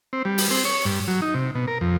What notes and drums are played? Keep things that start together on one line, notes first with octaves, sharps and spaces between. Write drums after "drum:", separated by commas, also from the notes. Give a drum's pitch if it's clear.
C4
G3
drum: open hi-hat
C4
C#5
G2
F#3
D#4
C3
B2
A#4
F2